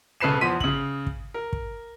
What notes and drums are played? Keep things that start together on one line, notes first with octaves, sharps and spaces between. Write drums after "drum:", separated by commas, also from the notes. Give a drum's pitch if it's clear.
E1 C#3 A4 B4 C7 E7
E2 F3 C6 B6 D#7
C#3 F#7, drum: kick
drum: kick
A#4
drum: kick